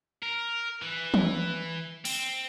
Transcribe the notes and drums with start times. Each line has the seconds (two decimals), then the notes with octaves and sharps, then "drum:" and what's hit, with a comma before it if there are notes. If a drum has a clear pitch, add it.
0.22 A#4
0.82 E3
1.14 drum: tom
2.05 C4, drum: open hi-hat